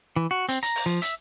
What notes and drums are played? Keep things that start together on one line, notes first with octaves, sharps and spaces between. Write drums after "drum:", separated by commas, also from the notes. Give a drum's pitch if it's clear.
E3
F#4
C4, drum: hi-hat
A#5, drum: hi-hat
drum: open hi-hat
F3
E5, drum: hi-hat